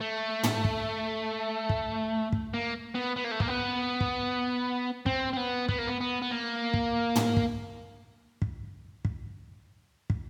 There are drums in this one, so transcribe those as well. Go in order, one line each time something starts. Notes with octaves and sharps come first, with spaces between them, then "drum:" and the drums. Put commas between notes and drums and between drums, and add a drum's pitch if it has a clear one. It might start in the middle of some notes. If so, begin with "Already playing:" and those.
A3
drum: tom
drum: kick
drum: kick
drum: kick
A#3
B3
B3
A#3
A3
A#3, drum: kick
B3
drum: kick
C4, drum: kick
C4
B3
B3, drum: kick
A#3
B3
B3
B3
A#3
drum: kick
drum: tom
drum: kick
drum: kick
drum: kick
drum: kick